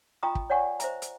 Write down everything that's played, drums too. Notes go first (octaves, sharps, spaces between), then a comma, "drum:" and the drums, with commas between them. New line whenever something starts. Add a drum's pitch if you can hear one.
F4 D#5 G5 A#5 C#6 D#6
drum: kick
C#5 D5 F#5 G#5 C#6
C5 E5 A#5, drum: hi-hat
drum: hi-hat